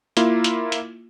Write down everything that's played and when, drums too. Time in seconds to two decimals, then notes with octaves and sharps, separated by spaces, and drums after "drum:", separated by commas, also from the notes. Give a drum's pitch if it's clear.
0.17 A#3 E4 F4, drum: hi-hat
0.44 drum: hi-hat
0.72 drum: hi-hat